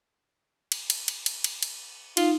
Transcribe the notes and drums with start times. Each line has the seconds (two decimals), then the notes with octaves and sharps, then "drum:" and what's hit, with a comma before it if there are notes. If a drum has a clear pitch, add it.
0.72 drum: cymbal
0.90 drum: cymbal
1.08 drum: cymbal
1.26 drum: cymbal
1.44 drum: cymbal
1.63 drum: cymbal
2.17 D#4 F4, drum: cymbal